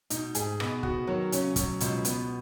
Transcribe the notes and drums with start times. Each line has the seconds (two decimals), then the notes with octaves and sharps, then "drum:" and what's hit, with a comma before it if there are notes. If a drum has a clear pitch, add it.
0.10 B2 D#4, drum: hi-hat
0.35 G#2 G#4, drum: hi-hat
0.60 B2 B3, drum: rim click
0.83 F#4, drum: kick
1.07 D#3 F#3
1.32 C#3 C#4, drum: hi-hat
1.56 B2 F#3, drum: kick, hi-hat
1.80 C#2 B2, drum: hi-hat
2.05 B3, drum: hi-hat